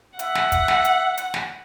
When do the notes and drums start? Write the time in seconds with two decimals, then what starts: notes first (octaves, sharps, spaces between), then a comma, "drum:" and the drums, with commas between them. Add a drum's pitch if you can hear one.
0.19 E5 F#5, drum: hi-hat
0.35 drum: snare
0.52 drum: kick, hi-hat
0.68 drum: snare
0.85 drum: hi-hat
1.17 drum: hi-hat
1.34 drum: snare